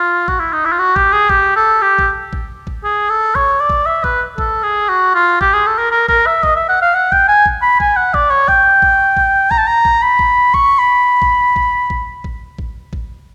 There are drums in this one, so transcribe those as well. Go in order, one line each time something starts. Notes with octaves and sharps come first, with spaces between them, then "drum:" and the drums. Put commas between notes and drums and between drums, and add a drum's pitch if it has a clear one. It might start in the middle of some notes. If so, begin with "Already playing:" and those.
Already playing: F4
F#4, drum: kick A1
E4
D#4
E4
F4
F#4
G4, drum: kick A1
G#4
G4, drum: kick A1
A4
G4
drum: kick A1
drum: kick A1
drum: kick A1
G#4
A4
C#5, drum: kick A1
D5
drum: kick A1
E5
B4, drum: kick A1
A4, drum: kick A1
G#4
F#4
F4
G4, drum: kick A1
G#4
A4
A#4
A#4
A#4, drum: kick A1
E5
D#5, drum: kick A1
E5
F#5
F5
F#5
G5, drum: kick A1
G#5
drum: kick A1
B5
G#5, drum: kick A1
F#5
D5, drum: kick A1
C#5
G5, drum: kick A1
drum: kick A1
drum: kick A1
A#5, drum: kick A1
A5
A#5
drum: kick A1
B5
drum: kick A1
C#6, drum: kick A1
B5
drum: kick A1
drum: kick A1
drum: kick A1
drum: kick A1
drum: kick A1
drum: kick A1